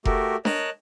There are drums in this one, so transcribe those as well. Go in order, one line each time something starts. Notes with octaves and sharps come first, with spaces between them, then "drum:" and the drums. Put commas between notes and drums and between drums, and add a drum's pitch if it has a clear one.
A3 F#4 G4 A4 A#4, drum: kick F1
A#4 C#5 D#5 A5 F#6, drum: snare D4